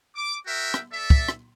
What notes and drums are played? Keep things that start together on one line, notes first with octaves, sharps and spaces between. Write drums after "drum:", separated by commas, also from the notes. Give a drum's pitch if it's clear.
D6
F#4 A#4 E5 G5
drum: rim click
A4 D5 E5
drum: kick
drum: rim click